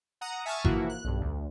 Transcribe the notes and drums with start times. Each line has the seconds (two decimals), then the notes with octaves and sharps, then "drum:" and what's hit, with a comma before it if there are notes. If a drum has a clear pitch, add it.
0.21 F#5 A#5 D#6
0.45 E5 G#5 A5 C#6 D#6 F6
0.65 E3 F3 A#3 E4 F#4, drum: kick G#1
0.89 F#6
1.04 B1 G2
1.21 D2